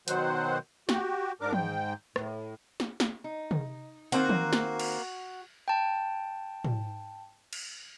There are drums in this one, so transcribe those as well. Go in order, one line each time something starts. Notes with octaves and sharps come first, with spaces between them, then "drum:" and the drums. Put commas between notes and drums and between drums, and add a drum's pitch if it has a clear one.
B2 D#3 F#3 C5 F#5, drum: hi-hat
F#4 G4, drum: snare
G#2 D4 A#4 D6
G#2 G5, drum: tom
A2, drum: rim click
drum: snare
drum: snare
D#4
drum: tom
D#3 A#3 C4 F#4 C5
drum: tom
drum: snare
drum: cymbal
G5 A5
drum: tom
drum: cymbal